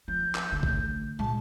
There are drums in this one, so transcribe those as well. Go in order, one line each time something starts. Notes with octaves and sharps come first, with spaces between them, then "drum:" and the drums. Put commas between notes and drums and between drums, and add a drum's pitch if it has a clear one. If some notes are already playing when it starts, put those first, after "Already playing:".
F3 G6
drum: clap
D3 A3
drum: kick G#1
A#2 G#3 A5